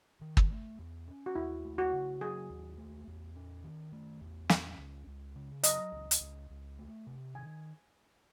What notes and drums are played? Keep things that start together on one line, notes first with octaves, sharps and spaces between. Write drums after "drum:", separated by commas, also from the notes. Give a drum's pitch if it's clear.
D#3
drum: kick
A3
E2
C#4
F#4
D#2 E4
A3
F#4
C#3
F#3 G#4
D#2
A3
E2
C#4
D#3
A3
E2
C#4, drum: snare
C#2
C#2
C#3
F#3 D#5, drum: hi-hat
C#2
drum: hi-hat
C#2
C#2
A3
C3
D#3 G#5